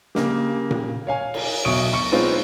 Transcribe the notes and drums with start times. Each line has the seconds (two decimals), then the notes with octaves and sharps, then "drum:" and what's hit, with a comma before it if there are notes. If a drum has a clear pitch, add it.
0.15 C#3 A#3 G4, drum: snare
0.71 drum: tom A#2
1.07 C#5 F5 G#5
1.34 drum: cymbal
1.65 B1 F#3 E5 C#6 D#6 D7
1.93 C#6 C#7
2.12 G#3 B3 C4 D#4 F4 C#5